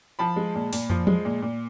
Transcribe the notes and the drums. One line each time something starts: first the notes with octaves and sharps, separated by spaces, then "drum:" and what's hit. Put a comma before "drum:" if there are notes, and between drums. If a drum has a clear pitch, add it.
F3 A5 B5
G#3
A#2
A#2, drum: open hi-hat
F3, drum: tom
G#3, drum: tom F3
A#2
A#2